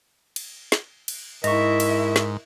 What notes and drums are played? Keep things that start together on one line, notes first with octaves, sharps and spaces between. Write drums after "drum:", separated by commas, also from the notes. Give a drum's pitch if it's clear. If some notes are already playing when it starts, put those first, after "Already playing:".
drum: cymbal
drum: snare
drum: cymbal
G#2 E4 A#4 D#5 E5 C#6, drum: cymbal
drum: cymbal
drum: snare